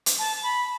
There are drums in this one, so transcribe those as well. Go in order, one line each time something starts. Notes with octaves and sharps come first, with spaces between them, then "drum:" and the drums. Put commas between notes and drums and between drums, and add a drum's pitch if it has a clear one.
drum: hi-hat
A5
B5